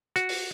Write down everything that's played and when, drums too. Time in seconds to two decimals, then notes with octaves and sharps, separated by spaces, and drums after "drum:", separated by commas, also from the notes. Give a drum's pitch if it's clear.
0.16 F#4, drum: hi-hat
0.29 drum: open hi-hat